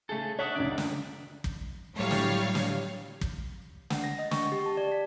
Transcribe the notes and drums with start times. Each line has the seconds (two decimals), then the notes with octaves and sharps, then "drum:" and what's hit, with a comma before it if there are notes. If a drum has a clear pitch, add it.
0.09 C#3 A3 G#4 A4
0.39 D4 C#5 E5 F#5 D#6
0.56 C#2 F#2 D3 D5
0.78 drum: snare
1.44 drum: kick
1.95 A2 F#3 G3 C#5 F5
2.11 drum: snare
2.55 drum: snare
3.21 drum: kick
3.90 F#5, drum: snare
4.04 A#6
4.19 D#5
4.31 C#6, drum: snare
4.52 G4
4.66 A5
4.77 D5
4.92 B6